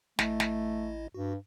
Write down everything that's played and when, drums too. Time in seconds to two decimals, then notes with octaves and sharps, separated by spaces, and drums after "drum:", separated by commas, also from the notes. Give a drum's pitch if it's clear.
0.19 A1 A3 E4 D#5, drum: snare
0.40 drum: snare
1.15 G2 F#4